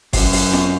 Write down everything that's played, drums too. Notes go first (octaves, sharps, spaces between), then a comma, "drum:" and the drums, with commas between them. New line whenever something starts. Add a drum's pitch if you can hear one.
F#2, drum: kick G1, open hi-hat
drum: open hi-hat
drum: snare